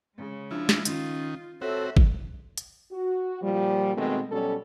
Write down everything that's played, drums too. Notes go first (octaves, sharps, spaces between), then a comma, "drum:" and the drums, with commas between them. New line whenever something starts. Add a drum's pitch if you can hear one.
C#3 G#3
F3 D4 E4
drum: snare
D#3 C#4 F4, drum: hi-hat
C4 F#4 A4 C#5 E5
drum: kick G1
drum: hi-hat
F#4
A#2 F3 G3
B2 D#3 G#3 A3 C4
B2 F#3 G3 C#4 A4